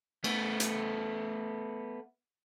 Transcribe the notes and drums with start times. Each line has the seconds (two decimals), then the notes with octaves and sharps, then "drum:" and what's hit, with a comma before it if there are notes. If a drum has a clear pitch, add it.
0.24 A3 B3, drum: cymbal
0.60 drum: hi-hat